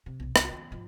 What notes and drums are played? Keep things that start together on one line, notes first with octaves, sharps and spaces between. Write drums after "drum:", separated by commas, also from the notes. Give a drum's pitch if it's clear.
C3
B1 E2
C2, drum: rim click
F2 D#3
G#2 F3